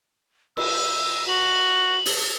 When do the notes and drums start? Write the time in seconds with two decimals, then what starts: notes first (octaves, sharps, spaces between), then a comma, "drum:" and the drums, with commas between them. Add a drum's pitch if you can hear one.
0.57 E6, drum: cymbal
1.28 F#4 F#7
2.06 drum: open hi-hat